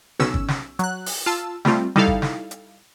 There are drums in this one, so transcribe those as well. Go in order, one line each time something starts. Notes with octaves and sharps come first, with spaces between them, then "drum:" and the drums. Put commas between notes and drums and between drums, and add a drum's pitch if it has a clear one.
B1 C#4 E6, drum: snare
drum: kick
drum: snare
F#3 F#6, drum: hi-hat
drum: open hi-hat
F4 A5 E6
G3 A3 C4 F4, drum: snare
G3 D#4 E4 A4 F5, drum: snare
drum: kick
drum: snare
drum: hi-hat